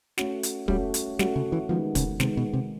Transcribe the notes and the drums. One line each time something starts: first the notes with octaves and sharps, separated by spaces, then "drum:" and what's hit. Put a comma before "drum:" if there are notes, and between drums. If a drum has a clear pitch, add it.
A3 C#4 F#4, drum: snare
drum: hi-hat
G3 A3 C#4 F#4, drum: kick
drum: hi-hat
G3 A3 C#4 F#4, drum: snare
C#3
E3
D#3 F3 G#3 B3
C#3, drum: kick, hi-hat
C3 D#3 G#3 B3, drum: snare
B2
C3